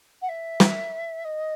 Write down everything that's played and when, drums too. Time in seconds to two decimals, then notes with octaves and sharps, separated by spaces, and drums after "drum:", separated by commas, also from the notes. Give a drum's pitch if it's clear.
0.21 F#5
0.28 E5
0.60 drum: snare
1.24 D#5